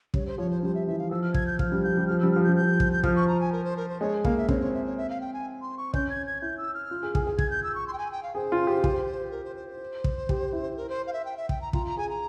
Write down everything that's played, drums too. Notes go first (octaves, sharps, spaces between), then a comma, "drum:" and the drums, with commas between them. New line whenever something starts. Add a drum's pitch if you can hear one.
G3 C#5, drum: kick
C5
F3 C#5
C5
G3 C5
E5
E3 E5
F5
F3 E6
F6
G#6, drum: kick
G6
F3 F6, drum: kick
G3
F3 G6
G3
F3 F6
G3 E6
F3 F6
G6
G3
G6
F3
drum: kick
G6
F3 F6, drum: kick
C#6
A#5
G#5
A#4
C5
A#4
C5
G#3 C#5
A#3 F5, drum: kick
E5
C4 C#5, drum: kick
C#5
E5
C#5
E5
F5
G5
G#5
C6
C#6
C#4 G6, drum: kick
G#6
G#6
E4 G6
E6
F6
F4
G#4
G#4, drum: kick
G#4
G#6, drum: kick
G6
E6
C#6
C6
G5
G#5
G5
F5
G#4 C5
F4
G4
G4, drum: kick
A#4
C5
C5
C5
drum: kick
G4, drum: kick
E4
A#4
C5
F5
E5
G5
E5
G5, drum: kick
A#5
F4 A#5, drum: kick
A#5
G#4 G#5
A#5